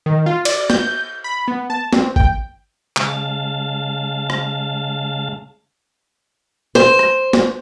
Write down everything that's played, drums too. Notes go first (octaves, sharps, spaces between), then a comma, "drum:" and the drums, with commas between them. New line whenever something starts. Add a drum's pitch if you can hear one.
D#3
F4
D5, drum: cymbal
G6, drum: snare
B5
B3
A5
C4, drum: snare
G5, drum: kick G#1
C#3 G#3 F5 A5, drum: clap
drum: rim click
C5, drum: snare
drum: rim click
drum: snare